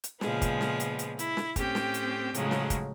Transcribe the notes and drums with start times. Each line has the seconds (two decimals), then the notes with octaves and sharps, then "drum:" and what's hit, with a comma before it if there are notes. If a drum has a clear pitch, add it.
0.04 drum: hi-hat
0.21 A#2 C#3 F3 G#3 B3, drum: snare
0.42 drum: kick, hi-hat
0.61 drum: snare
0.80 drum: hi-hat
0.99 drum: hi-hat
1.19 E4, drum: hi-hat
1.37 drum: snare
1.56 A2 C4 C#4 G4 G5, drum: kick, hi-hat
1.75 drum: snare
1.94 drum: hi-hat
2.34 A2 C#3 F3 F#3 G#3, drum: hi-hat
2.51 drum: snare
2.70 drum: kick, hi-hat